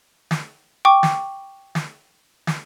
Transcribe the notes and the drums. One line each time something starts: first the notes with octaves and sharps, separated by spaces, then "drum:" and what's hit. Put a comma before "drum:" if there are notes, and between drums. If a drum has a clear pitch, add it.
drum: snare
G5 C#6 D6
drum: snare
drum: snare
drum: snare